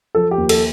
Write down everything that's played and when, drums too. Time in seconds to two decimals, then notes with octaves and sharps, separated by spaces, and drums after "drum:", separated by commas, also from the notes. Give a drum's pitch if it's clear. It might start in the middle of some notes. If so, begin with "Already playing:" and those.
0.15 F3 A4
0.31 G4
0.38 D#2
0.49 A4, drum: cymbal